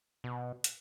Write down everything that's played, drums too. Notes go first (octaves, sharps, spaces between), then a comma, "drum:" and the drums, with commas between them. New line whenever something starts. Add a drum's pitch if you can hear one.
B2
drum: hi-hat